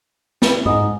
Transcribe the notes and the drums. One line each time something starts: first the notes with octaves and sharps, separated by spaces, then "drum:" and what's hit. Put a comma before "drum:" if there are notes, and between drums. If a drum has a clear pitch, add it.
G3 E4, drum: snare
G#2 D#5